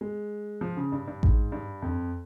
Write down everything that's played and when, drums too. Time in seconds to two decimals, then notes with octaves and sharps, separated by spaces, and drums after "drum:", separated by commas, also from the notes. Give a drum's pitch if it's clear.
0.01 G#3
0.61 F3
0.77 C#3
0.92 G2
1.08 G2
1.23 G#2, drum: kick A1
1.52 G2
1.82 F2